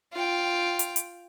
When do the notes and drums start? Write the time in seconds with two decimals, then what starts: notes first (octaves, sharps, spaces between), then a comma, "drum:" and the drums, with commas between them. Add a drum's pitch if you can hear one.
0.13 F4 G5
0.79 drum: hi-hat
0.96 drum: hi-hat